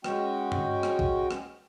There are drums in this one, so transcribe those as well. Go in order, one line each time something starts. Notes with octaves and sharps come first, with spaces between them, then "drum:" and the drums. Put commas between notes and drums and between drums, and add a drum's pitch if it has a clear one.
G#3 C#4 F#4 G5, drum: rim click
drum: tom G2
drum: rim click
drum: kick
drum: rim click